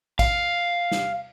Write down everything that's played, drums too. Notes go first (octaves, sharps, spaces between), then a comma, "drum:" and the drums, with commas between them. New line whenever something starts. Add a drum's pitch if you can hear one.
F5, drum: kick, cymbal
drum: snare